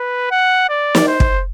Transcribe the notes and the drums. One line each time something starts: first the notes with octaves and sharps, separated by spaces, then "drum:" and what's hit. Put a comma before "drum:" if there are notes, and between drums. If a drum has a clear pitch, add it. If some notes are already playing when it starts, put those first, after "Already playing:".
Already playing: B4
F#5
D5
drum: snare
C5
drum: kick